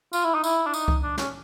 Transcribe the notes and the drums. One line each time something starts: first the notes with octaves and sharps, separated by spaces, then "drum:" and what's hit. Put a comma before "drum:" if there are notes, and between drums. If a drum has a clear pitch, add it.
F4, drum: tambourine
E4
D#4
E4, drum: tambourine
D4
D#4, drum: tambourine
drum: kick C2
D4
C#4, drum: snare